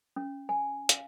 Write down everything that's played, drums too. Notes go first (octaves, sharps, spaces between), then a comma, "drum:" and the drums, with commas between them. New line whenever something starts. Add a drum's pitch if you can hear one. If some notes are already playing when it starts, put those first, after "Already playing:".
C#4
G#5
F5, drum: hi-hat